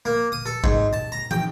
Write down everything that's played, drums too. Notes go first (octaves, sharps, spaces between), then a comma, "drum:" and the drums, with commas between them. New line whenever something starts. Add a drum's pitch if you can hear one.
A#3
D#6
A4
G#2, drum: kick G#1
A5
A#5
G5, drum: tom